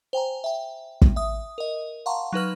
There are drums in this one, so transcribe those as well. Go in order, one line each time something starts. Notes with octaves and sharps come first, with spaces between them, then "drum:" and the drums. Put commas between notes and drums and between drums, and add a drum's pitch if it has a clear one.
C5 G5 G#5 A#5
E5 G5
drum: kick
E5 D#6
A#4 D#5
F5 F#5 A5 A#5 C6 C#6
F#3 D#4 B4 F6